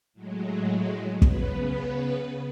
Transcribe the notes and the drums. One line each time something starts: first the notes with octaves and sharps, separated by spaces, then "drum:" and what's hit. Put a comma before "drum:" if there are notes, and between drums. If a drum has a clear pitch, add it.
A2 F#3 G#3
C#3 B3 B4, drum: kick